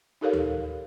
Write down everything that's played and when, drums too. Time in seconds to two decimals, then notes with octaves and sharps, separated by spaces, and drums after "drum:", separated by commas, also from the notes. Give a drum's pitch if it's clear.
0.21 D#4 G4 A4 A#4 C#5 F5
0.33 drum: tom D2